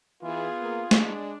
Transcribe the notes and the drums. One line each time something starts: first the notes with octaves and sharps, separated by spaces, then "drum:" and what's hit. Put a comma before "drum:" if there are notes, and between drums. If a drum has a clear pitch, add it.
E3 B3 F4 G#4
A#3
G#3 D4, drum: snare